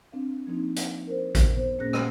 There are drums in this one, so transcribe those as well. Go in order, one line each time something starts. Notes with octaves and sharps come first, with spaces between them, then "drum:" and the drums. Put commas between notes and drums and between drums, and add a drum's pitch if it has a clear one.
C4 D4 F5
F3 A#3 C4 D#4
drum: hi-hat
A#4 C5
drum: kick A1, hi-hat
B3 C5
A#2 A#3 C#4 G#4 F#6 A#6
drum: rim click